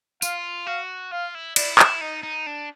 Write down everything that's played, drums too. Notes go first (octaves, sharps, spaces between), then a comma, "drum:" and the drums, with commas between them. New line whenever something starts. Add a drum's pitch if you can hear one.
F4 F5, drum: tambourine
F#4 F5
F4 F5
E4
E4 D5, drum: cymbal
E4, drum: clap
D#4 D#5
D#4
D4